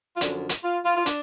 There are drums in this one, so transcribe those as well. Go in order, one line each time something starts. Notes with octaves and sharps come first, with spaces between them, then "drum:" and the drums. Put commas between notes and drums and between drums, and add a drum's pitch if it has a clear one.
F4
F#2 D3 F3 D4, drum: hi-hat
drum: hi-hat
F4
F4
F4
D4, drum: hi-hat